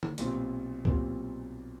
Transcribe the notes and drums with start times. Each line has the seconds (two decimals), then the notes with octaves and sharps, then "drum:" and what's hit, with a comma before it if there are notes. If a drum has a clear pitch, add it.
0.03 drum: tom
0.18 B1 A#2 G3 C4 F4, drum: hi-hat
0.85 B1 A#2 G3 C4 F4, drum: kick C#2